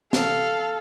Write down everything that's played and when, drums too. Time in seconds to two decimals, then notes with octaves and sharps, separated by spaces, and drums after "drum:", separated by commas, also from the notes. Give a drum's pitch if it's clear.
0.13 A4 F5, drum: snare